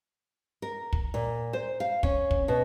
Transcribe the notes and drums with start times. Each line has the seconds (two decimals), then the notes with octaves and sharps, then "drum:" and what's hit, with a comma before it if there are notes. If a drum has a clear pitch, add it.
0.62 A#4
0.93 drum: kick
1.14 A#2
1.53 C5
1.80 F5
2.03 C#4, drum: kick
2.31 drum: kick
2.48 B2